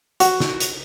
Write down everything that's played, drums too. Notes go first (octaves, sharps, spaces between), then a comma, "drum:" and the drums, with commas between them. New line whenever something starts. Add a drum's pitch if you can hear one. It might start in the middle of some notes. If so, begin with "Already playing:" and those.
F#4, drum: hi-hat
drum: snare
drum: hi-hat